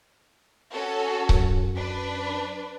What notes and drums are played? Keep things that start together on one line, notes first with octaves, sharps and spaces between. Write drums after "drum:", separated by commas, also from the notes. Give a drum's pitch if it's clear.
C#4 F#4 A4
F#2, drum: kick C#1
D4 B4